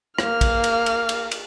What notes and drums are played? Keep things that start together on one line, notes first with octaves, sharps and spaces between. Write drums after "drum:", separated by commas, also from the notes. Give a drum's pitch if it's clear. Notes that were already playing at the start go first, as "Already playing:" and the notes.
A#3 F6, drum: rim click
drum: kick, cymbal
drum: cymbal
drum: cymbal
drum: cymbal
drum: cymbal